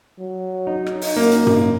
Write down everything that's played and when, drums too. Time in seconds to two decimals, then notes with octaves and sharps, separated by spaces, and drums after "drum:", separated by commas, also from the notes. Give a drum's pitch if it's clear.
0.19 F#3
0.67 D#4
0.86 drum: rim click
1.01 drum: open hi-hat
1.17 F#2 A#3
1.32 drum: hi-hat
1.47 drum: tom